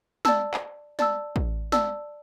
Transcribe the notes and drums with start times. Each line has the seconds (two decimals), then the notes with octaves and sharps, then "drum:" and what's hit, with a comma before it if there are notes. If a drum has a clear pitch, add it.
0.25 D5 A5 E6, drum: snare
0.54 drum: clap
0.99 D5 A5 E6, drum: snare
1.36 drum: kick
1.72 D5 A5 E6, drum: snare